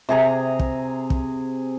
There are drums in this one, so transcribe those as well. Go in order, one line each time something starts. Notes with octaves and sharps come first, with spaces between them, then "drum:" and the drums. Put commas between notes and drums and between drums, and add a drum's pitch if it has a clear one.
C3 G#4 A#5
drum: kick
drum: kick